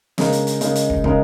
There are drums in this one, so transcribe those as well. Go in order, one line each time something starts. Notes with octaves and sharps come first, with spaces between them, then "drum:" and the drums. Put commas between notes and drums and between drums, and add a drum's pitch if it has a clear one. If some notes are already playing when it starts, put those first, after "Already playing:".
C#3 G#3 D#4 A#4, drum: snare
drum: hi-hat
drum: hi-hat
C#3 G#3 D#4 A#4, drum: hi-hat
drum: hi-hat
drum: kick
C#3 G#3 D#4 A#4, drum: kick